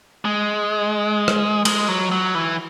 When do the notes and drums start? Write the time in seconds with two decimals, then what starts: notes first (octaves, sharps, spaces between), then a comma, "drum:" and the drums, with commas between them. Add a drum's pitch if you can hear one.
0.25 G#3
1.28 drum: rim click
1.65 G#3, drum: cymbal
1.88 F#3
2.12 F#3
2.35 E3